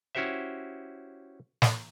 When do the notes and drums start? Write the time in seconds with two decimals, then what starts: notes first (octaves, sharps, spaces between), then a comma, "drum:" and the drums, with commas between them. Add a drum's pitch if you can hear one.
0.15 C#4 E4 F#4 G4 C5 E5
1.62 drum: snare